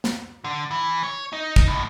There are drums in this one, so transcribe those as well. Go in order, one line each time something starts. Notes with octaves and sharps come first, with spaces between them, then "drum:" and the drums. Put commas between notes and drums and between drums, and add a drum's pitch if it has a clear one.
drum: snare
D3
E3
C#5
D#4
drum: kick
E2 A2